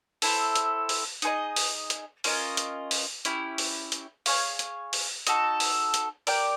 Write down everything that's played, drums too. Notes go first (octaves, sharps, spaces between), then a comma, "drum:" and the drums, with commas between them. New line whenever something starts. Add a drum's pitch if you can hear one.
C4 E4 A4, drum: open hi-hat
drum: hi-hat
drum: open hi-hat
D#4 G#4 B4 D#5, drum: hi-hat
drum: open hi-hat
drum: hi-hat
C#4 F4 A#4 D#5, drum: open hi-hat
drum: hi-hat
drum: open hi-hat
C#4 E4 G4, drum: hi-hat
drum: open hi-hat
drum: hi-hat
G#4 C#5 F5, drum: open hi-hat
drum: hi-hat
drum: open hi-hat
D#4 F#4 A4, drum: hi-hat
drum: open hi-hat
drum: hi-hat
G4 A#4 D5 G5, drum: open hi-hat